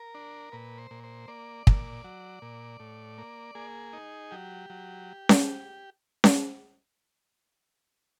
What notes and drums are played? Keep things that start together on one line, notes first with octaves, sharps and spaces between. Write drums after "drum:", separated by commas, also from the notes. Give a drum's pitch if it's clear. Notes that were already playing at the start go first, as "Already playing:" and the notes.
Already playing: A#4
D4
A#2 B4
C5
A#2
C5
A#3 D5
A#2, drum: kick
F#3
A#2
A2
A#3
A#3 G#4
D#4
F#3 G4
F#3
drum: snare C#4
drum: snare C#4